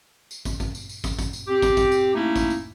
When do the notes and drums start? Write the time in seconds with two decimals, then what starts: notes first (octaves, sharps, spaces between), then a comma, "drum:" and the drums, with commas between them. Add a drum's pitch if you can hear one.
0.31 drum: tambourine
0.45 drum: kick, tambourine
0.60 drum: kick, tambourine
0.75 drum: tambourine
0.89 drum: tambourine
1.04 drum: kick, tambourine
1.19 drum: kick, tambourine
1.33 drum: tambourine
1.48 C4 G4
1.62 drum: kick, tambourine
1.77 drum: kick, tambourine
1.92 drum: tambourine
2.14 A3 A#3 C#4 D#4 E4
2.36 drum: kick, tambourine
2.50 drum: tambourine